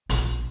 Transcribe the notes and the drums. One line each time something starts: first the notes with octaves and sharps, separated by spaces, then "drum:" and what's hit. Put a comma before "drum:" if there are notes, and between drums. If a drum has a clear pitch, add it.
A#1, drum: hi-hat